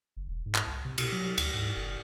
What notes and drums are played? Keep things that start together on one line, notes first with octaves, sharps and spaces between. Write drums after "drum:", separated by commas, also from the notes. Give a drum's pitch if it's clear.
F#1
E1
G#2
drum: clap
C2
C3
B2, drum: cymbal
F#3
D2, drum: cymbal
G#2
F#1